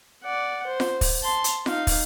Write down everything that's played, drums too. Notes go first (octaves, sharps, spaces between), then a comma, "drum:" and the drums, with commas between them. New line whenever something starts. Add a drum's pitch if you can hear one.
D5 F#5
C5
drum: snare F4
drum: kick, open hi-hat
A5 C6
drum: hi-hat
D#4 F5, drum: snare F4
drum: kick, open hi-hat